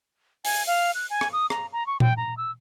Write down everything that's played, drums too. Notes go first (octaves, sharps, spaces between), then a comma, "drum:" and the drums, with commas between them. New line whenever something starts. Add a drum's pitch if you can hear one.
G#5, drum: open hi-hat
F5
F#6
G#5
drum: rim click
D#6
A#5, drum: rim click
A#5
C#6
G5, drum: tom A#2
A#5
E6